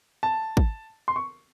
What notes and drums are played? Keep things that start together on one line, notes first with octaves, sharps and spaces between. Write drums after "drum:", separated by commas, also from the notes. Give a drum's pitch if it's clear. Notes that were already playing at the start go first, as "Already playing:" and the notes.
A5
drum: kick
C6
C#6